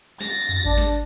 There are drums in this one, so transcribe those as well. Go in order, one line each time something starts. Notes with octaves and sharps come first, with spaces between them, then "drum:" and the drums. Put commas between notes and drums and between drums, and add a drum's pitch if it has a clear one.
A6 A#6, drum: snare
drum: tom F2
D4, drum: kick G#1
drum: snare